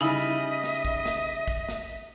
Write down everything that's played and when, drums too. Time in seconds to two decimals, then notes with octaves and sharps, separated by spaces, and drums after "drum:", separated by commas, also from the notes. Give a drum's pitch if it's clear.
0.01 C#3 G3 D#4 E4 D#5 E5
0.22 drum: hi-hat
0.64 drum: snare
0.85 drum: kick
1.06 drum: snare
1.48 drum: kick, hi-hat
1.69 drum: snare
1.90 drum: hi-hat